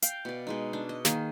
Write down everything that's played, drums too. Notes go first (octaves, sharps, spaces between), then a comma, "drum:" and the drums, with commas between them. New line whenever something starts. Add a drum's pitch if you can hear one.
F5 G5, drum: hi-hat
B2 D5
B2 G#3 D#4
D4
D#5
D#3 A#3 G#4, drum: snare